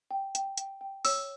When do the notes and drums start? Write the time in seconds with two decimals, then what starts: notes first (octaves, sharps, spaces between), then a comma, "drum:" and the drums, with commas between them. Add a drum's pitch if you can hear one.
0.11 G5
0.35 G5, drum: hi-hat
0.57 G5, drum: hi-hat
0.81 G5
1.05 C#5 E6, drum: open hi-hat